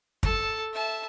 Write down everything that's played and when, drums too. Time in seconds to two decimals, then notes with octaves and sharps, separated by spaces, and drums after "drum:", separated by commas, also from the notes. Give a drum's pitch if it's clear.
0.23 A4 A5, drum: kick
0.73 E5 A5